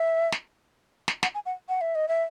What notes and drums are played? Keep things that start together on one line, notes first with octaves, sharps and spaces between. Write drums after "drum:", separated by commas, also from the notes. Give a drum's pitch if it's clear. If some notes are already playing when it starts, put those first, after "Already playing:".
Already playing: E5
drum: snare
drum: snare
F#5, drum: snare
G#5
F#5
F#5
E5
D#5
E5